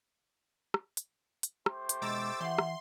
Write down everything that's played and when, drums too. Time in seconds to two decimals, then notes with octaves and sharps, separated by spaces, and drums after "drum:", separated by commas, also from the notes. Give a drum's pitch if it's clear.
0.74 drum: rim click
0.97 drum: hi-hat
1.43 drum: hi-hat
1.66 A3 G4 C5, drum: rim click
1.89 drum: hi-hat
2.02 B2 G#3 A#5 D6 E6 A6
2.40 E3 E5 F#5 C6
2.58 drum: rim click